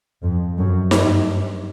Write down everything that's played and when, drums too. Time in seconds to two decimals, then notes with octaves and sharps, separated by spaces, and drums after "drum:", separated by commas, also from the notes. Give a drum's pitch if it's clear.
0.23 F2
0.57 F#2
0.91 G2, drum: snare D#4